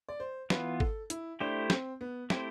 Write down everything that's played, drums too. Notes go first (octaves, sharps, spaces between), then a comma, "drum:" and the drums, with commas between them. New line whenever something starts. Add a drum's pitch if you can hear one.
D5
C5
E3 B3 F4 B4, drum: snare
A4, drum: kick G#1
E4, drum: hi-hat
A3 D4 E4 G4 C5
C4, drum: snare
B3
A3 C4 E4 G4 C5, drum: snare